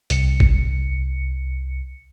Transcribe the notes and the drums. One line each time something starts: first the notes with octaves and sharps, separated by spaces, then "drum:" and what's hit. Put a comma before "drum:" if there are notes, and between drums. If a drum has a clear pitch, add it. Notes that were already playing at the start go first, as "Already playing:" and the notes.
C2 C#7, drum: hi-hat
drum: kick G#1